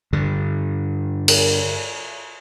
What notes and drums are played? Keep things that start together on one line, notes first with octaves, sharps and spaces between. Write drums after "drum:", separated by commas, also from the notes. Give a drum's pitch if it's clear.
G2 D3
drum: cymbal